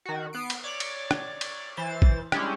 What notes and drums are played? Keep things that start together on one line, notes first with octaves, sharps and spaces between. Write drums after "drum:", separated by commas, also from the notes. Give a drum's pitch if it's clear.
D#3 F#4
B3 C7 D7
drum: cymbal
C#5 D5 D6
drum: cymbal
drum: rim click
drum: cymbal
E3 C5 A6
drum: kick
G3 G#3 C#4 D4 E4 G4, drum: rim click